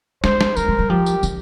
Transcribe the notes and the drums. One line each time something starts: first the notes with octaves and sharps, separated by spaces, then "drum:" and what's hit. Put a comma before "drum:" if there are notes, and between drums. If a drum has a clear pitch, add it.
G#3 C5, drum: snare
drum: snare
G3 A#4, drum: tambourine
G#3
G3
F3 G4
drum: tambourine
D#3, drum: tambourine